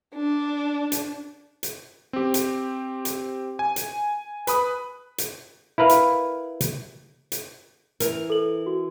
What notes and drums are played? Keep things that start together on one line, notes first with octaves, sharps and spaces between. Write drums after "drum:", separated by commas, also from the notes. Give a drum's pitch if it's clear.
D4
drum: hi-hat
drum: hi-hat
C4 G4
drum: hi-hat
drum: hi-hat
G#5
drum: hi-hat
B4 B5 D#6, drum: hi-hat
drum: hi-hat
E4 A#4 B4 F5
drum: hi-hat
drum: hi-hat
drum: hi-hat
E3 A#4, drum: hi-hat
A4 F#7
F#4